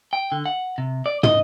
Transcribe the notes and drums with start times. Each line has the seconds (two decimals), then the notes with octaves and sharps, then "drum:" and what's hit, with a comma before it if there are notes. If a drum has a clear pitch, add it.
0.13 G5
0.32 D3
0.46 F#5
0.78 C3
1.06 D5
1.23 D#5, drum: tom